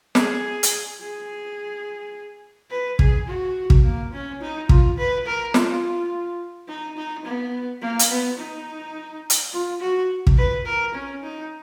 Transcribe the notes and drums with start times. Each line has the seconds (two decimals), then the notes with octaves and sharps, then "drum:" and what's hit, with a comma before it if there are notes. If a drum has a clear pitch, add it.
0.15 G#4, drum: snare
0.63 drum: hi-hat
1.00 G#4
2.70 B4
2.99 G#4, drum: kick
3.27 F#4
3.70 drum: kick
3.84 A#3
4.12 C#4
4.41 D#4
4.69 F4, drum: kick
4.98 B4
5.26 A#4
5.54 F4, drum: snare
6.68 D#4
6.97 D#4
7.25 B3
7.81 A#3
7.99 drum: hi-hat
8.10 B3
8.38 D#4
9.30 drum: hi-hat
9.52 F4
9.81 F#4
10.27 drum: kick
10.37 B4
10.65 A#4
10.94 C#4
11.23 D#4